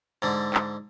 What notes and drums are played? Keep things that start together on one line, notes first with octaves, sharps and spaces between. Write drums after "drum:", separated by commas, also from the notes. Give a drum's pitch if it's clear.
G#2 D3
drum: clap